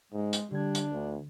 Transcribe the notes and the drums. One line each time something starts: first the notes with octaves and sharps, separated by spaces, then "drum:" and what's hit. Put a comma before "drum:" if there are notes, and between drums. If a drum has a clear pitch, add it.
G#2 G#3
drum: hi-hat
D3 G3 D4 G#6
drum: hi-hat
D2